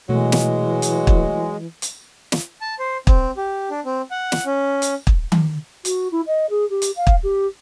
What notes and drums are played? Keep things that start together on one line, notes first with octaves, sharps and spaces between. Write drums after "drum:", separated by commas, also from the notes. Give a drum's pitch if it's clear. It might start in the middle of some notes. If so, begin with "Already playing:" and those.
B2 E3 F#3 G#3 A3
drum: snare
drum: hi-hat
drum: kick
drum: hi-hat
drum: snare
A5
C5
C4, drum: kick
G4
D4
C4
F#5
drum: snare
C#4
drum: hi-hat
drum: kick
drum: tom D#3
F#4, drum: hi-hat
E4
D#5
G#4
G4
drum: hi-hat
F5
drum: kick
G4